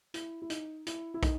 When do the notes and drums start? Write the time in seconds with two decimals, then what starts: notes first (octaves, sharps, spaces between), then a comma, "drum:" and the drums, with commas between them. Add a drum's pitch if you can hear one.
0.14 E4, drum: hi-hat
0.42 E4
0.50 D#4, drum: hi-hat
0.87 E4, drum: hi-hat
1.14 E4
1.23 D#4, drum: kick, hi-hat